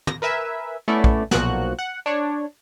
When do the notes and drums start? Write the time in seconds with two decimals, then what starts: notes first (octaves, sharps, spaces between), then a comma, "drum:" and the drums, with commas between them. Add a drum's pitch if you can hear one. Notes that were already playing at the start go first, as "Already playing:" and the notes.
0.07 A#6, drum: tom
0.22 A#4 B4 E5 G#5
0.88 A3 B3 C#4 E4 D5
1.04 drum: kick
1.31 B1 A#2 F3 F#4 F#6, drum: snare
1.79 F#5
2.06 D4 C#5